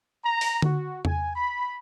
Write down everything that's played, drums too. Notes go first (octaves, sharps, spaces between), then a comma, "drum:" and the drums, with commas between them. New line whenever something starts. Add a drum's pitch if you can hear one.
A#5
drum: open hi-hat
F#4, drum: tom D3
G#5, drum: tom E2
B5